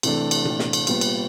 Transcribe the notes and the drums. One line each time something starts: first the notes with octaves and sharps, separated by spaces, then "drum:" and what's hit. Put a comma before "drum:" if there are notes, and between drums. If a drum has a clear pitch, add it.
C3 E3 A3 D4, drum: cymbal
drum: cymbal
drum: tom A#2
drum: snare
drum: cymbal
A#2 G3 B3, drum: cymbal
drum: cymbal